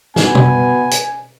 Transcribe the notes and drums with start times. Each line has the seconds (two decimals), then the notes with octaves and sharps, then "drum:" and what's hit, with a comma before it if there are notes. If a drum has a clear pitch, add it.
0.16 B2 B3 G#5, drum: snare
0.35 drum: tom
0.91 drum: hi-hat